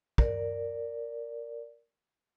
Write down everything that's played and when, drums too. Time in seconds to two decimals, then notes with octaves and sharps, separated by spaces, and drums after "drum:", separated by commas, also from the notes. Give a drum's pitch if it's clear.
0.18 A#4 D5, drum: kick